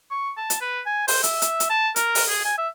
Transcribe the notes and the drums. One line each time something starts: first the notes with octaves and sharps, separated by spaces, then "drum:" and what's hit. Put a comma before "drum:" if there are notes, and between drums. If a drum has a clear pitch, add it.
C#6
A5
drum: hi-hat
B4
G#5
C5, drum: open hi-hat
E5, drum: hi-hat
drum: hi-hat
drum: hi-hat
A5
A#4, drum: hi-hat
drum: open hi-hat
G#4
G#5
E5